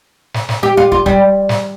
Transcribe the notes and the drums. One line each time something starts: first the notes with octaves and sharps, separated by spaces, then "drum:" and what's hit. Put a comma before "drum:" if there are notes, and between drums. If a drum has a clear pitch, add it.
drum: snare
drum: snare
G4
F4
F4, drum: kick
G3, drum: kick
drum: snare